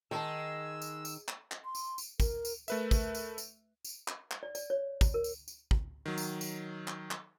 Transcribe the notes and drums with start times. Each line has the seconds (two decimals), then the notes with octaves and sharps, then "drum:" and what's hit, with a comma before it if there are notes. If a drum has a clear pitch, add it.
0.11 D#3 G#3 A5 E6
0.82 drum: tambourine
1.05 drum: tambourine
1.28 drum: clap
1.51 drum: clap
1.65 C6
1.75 drum: tambourine
1.98 drum: tambourine
2.20 A#4, drum: kick, tambourine
2.45 drum: tambourine
2.68 A3 A#4 B4 E5, drum: tambourine
2.91 drum: kick, tambourine
3.15 drum: tambourine
3.38 drum: tambourine
3.85 drum: tambourine
4.08 drum: clap
4.31 drum: clap
4.43 D5
4.55 D5, drum: tambourine
4.70 C#5
5.01 drum: kick, tambourine
5.14 A#4
5.24 drum: tambourine
5.48 drum: tambourine
5.71 drum: kick
6.06 D#3 F#3
6.18 drum: tambourine
6.41 drum: tambourine
6.88 drum: clap
7.11 drum: clap